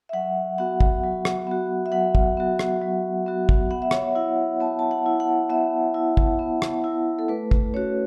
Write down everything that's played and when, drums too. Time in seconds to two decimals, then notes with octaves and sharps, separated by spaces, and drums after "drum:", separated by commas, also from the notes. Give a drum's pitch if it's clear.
0.09 E5
0.13 F#3 F#5
0.58 B3 F#4 F#5
0.80 drum: kick
1.03 F#3
1.25 drum: rim click
1.47 B3 F#4
1.86 E5
1.92 F#3 F#5
2.15 drum: kick
2.37 B3 F#4
2.59 drum: rim click
2.82 F#3
3.26 B3 F#4
3.49 drum: kick
3.71 B3 F#5
3.82 E5
3.91 C#5, drum: rim click
4.02 E5
4.15 E4 F#5
4.60 B3 A5
4.79 A5
4.91 F#5
5.06 E4
5.20 F#5
5.50 B3 E5
5.94 E4
6.17 drum: kick
6.39 B3
6.62 drum: rim click
6.84 E4
7.19 A4
7.28 A3 B4
7.51 drum: kick
7.74 C#4 F#4 C#5